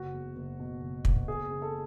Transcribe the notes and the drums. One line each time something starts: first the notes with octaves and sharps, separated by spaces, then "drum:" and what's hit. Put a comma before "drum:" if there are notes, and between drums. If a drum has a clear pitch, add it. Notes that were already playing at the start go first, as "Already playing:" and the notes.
Already playing: F#1 F#4
E2
F#1
B2
F#1
F#1, drum: kick
E2 G#4
C#3
A4